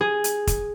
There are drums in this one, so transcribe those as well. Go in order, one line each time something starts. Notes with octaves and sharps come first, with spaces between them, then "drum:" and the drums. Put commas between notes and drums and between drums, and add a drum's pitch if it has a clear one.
G#4
drum: hi-hat
drum: kick, hi-hat